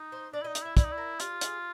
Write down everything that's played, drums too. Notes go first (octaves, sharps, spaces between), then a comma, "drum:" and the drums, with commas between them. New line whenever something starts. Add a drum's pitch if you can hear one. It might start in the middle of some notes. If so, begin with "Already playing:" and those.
Already playing: D#4
C5
D4 D5
E4
D#5
D#4
F5, drum: hi-hat
E4 E5
E4 D5, drum: kick, hi-hat
D#4
E4
A#4
F4 G4, drum: hi-hat
G#4, drum: hi-hat